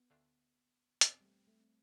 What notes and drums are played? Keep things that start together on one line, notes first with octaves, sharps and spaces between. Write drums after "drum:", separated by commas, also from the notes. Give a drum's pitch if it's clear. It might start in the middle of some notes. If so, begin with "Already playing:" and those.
Already playing: B3
D2 D3 A3 D4 F4
E2 B2 B3 C4 D4, drum: hi-hat
G3
A3
A3
C4